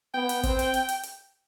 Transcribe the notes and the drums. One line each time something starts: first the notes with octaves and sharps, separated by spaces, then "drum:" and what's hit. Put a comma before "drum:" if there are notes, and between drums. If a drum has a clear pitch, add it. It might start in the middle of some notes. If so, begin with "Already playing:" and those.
B3 G5
drum: hi-hat
C4, drum: kick, hi-hat
drum: hi-hat
drum: hi-hat
drum: hi-hat
drum: hi-hat